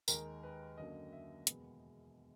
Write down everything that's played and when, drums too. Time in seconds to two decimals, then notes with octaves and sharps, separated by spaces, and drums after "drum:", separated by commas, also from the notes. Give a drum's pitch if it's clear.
0.08 D#2 D#3 G#3 A#4, drum: tambourine
0.43 B4
0.78 F#2 D3 F#3 A#3 D#5
1.12 E5
1.47 E2 B2 G#3 B3, drum: hi-hat